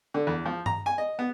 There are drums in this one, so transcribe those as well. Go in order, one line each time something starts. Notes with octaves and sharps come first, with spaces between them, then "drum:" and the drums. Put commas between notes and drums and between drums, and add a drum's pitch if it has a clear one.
D3
E2
F3
A#5, drum: tom G2
G#5
D#5
B3